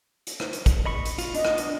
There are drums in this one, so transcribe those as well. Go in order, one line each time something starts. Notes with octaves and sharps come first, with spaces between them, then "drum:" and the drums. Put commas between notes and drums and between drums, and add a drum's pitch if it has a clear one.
drum: hi-hat
drum: rim click
drum: hi-hat
drum: kick, hi-hat
D#5 B5 C#6
drum: hi-hat
F4, drum: hi-hat
B3 D4 D#5, drum: hi-hat
drum: rim click
drum: hi-hat